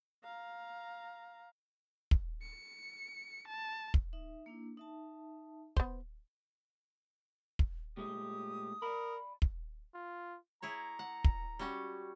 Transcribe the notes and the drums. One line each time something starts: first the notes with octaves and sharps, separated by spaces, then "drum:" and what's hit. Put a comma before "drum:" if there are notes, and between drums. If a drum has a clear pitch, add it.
F5 A#5
drum: kick
C#7
A5
drum: kick
D#4 E5
A#3 D4 E4
D#4 E5 A5
B3 C5, drum: kick
drum: kick
A#2 G#3 A3 G4 D#6
A#4 D5 B5
drum: kick
F4
E4 G#4 C#5 A#5
F#5
drum: kick
G3 C#4 F#4